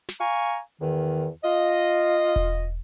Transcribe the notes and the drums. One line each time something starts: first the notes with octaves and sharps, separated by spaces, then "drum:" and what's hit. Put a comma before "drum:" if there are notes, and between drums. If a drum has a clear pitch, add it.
drum: snare
F5 G#5 A#5 C#6
E2 D#3
F4 D#5
drum: kick E1